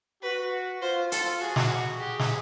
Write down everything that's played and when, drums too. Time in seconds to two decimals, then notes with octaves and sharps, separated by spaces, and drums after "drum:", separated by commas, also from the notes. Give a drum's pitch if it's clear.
0.22 F#4 B4
0.82 F4 C5
1.12 F4 A4, drum: hi-hat
1.41 F#4 G#4
1.56 drum: snare
2.00 G4 G#4
2.19 drum: snare